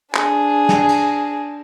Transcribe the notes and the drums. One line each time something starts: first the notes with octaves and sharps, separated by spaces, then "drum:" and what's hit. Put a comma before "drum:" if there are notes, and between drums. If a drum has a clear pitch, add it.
D4 G#4, drum: clap
drum: snare
drum: cymbal